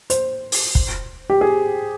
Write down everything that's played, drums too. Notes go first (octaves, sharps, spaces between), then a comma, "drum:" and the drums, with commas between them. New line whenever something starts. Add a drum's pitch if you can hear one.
C5, drum: hi-hat
drum: open hi-hat
drum: kick
G4
G#4